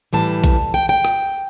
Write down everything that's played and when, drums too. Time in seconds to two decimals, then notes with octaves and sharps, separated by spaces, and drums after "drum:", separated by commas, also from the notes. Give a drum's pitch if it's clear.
0.13 A2 E3 G3 A5
0.44 drum: kick A#1, hi-hat
0.74 G5
0.89 G5
1.05 drum: rim click